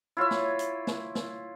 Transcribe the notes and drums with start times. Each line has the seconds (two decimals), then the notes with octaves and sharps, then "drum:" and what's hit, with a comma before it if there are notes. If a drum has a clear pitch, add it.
0.17 E4 F4 C#5 E5
0.31 drum: snare
0.59 drum: hi-hat
0.87 drum: snare
1.15 drum: snare